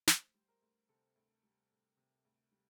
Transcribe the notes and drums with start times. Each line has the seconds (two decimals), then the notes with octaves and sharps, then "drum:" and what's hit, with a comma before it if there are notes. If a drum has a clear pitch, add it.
0.07 D2 C5, drum: snare
0.34 G3
0.48 A#4
0.62 D2
0.89 C3 A4
1.16 D2
1.43 G3
1.71 D2
1.97 C3
2.25 D2
2.52 G3